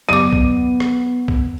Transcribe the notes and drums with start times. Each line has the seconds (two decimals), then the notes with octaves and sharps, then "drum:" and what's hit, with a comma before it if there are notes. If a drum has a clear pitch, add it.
0.09 F#3 B3 D6 D#7
0.32 drum: kick
0.80 drum: rim click
1.28 drum: kick